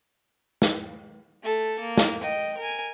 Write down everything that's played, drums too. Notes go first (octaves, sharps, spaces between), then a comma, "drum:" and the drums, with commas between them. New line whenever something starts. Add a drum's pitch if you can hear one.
drum: snare
A3 A4
A#3
drum: snare
D#5 G5
A#4 G#5